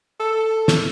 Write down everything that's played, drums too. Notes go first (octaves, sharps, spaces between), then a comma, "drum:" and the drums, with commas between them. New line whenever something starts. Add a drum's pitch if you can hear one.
A4
drum: snare